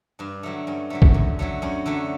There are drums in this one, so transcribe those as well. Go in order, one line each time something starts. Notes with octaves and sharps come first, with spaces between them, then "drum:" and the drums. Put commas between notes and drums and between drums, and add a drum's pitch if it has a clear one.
G2 D4
D3 F#3 A3
G2 C#4
D3 F#3 A3
drum: kick
F#2
D3 F#3 A3
F#2 C#4
D3 F#3 A3